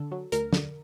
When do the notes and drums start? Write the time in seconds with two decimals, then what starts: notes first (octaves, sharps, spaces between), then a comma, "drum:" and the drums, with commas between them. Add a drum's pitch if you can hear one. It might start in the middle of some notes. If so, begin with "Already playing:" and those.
Already playing: D3 A4
0.12 F#3
0.32 D2 A#4, drum: hi-hat
0.53 D3, drum: snare